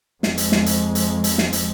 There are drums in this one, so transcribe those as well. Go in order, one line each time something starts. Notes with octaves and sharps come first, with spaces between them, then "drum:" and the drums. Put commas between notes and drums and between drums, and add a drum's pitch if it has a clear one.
F2 G#3, drum: snare
drum: hi-hat
drum: snare
drum: hi-hat
drum: hi-hat
drum: hi-hat
drum: snare
drum: hi-hat